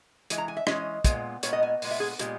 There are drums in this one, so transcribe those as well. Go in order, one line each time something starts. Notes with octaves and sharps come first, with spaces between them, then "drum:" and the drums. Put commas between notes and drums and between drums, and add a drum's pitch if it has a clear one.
E3 G#3, drum: hi-hat
A#5
G#5
E5
E3 G#3 C#4 D#5, drum: rim click
A#2 G#3 B3, drum: kick, hi-hat
A#2 G#3 B3 C#5, drum: hi-hat
D#5
G#5
A#2 G#3 B3, drum: open hi-hat
E5
G#4
A#2 G#3 B3 G4, drum: hi-hat